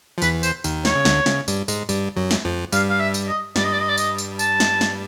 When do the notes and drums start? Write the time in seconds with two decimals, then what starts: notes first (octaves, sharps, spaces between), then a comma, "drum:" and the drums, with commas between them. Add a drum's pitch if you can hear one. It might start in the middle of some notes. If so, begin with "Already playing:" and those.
0.18 F3
0.22 E2 E3 B4, drum: tambourine
0.43 C5, drum: tambourine
0.64 D#2 D#3, drum: tambourine
0.85 C#5, drum: snare
0.95 C#3
1.05 D2 D3, drum: snare
1.26 C#3, drum: snare
1.48 G2 G3, drum: tambourine
1.68 G#2 G#3, drum: tambourine
1.89 G2 G3, drum: tambourine
2.16 F#2 F#3
2.31 drum: snare
2.45 F2 F3
2.73 G2 G3 F5, drum: tambourine
2.90 F5
3.00 E5
3.14 drum: tambourine
3.28 D#5
3.56 G2 G3 D5, drum: snare
3.64 D#5
3.72 D5
3.80 D#5
3.89 D5
3.97 D#5, drum: tambourine
4.18 drum: tambourine
4.39 A5, drum: tambourine
4.60 drum: snare
4.81 drum: snare